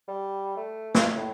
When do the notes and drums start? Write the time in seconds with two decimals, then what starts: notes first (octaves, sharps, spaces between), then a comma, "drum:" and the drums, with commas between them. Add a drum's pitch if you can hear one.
0.08 G3
0.57 A3
0.95 drum: snare
1.15 A2